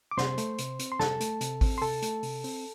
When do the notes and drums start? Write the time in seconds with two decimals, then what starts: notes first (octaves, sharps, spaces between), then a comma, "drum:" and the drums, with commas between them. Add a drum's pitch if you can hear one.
0.11 D6
0.17 C3 C5 C6, drum: snare
0.38 A3, drum: hi-hat
0.58 C3, drum: hi-hat
0.79 C4, drum: hi-hat
0.92 C6
1.00 C3 A4 A5, drum: snare
1.21 A3, drum: hi-hat
1.41 C3, drum: hi-hat
1.61 C4, drum: kick G#1, open hi-hat
1.78 C6
1.82 C3 A4 A5, drum: open hi-hat
2.02 A3, drum: hi-hat
2.23 C3, drum: open hi-hat
2.44 C4, drum: open hi-hat